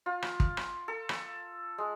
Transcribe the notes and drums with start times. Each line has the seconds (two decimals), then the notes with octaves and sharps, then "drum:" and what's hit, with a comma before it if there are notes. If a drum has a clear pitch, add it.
0.06 F4
0.22 drum: rim click
0.40 drum: kick
0.57 drum: rim click
0.88 A4
1.09 drum: rim click
1.78 G#3